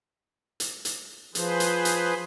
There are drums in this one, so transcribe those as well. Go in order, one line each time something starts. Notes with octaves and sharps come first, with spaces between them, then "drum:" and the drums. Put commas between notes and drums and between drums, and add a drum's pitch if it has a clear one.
drum: hi-hat
drum: hi-hat
F3 G#4 B4 C5, drum: hi-hat
drum: hi-hat
drum: hi-hat